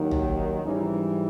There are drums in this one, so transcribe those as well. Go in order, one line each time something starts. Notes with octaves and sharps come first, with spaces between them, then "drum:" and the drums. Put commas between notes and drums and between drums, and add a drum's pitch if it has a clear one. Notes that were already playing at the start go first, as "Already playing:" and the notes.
Already playing: D#2 D#3 F#3
drum: tom
G#2 E3 G3 C#4 D#4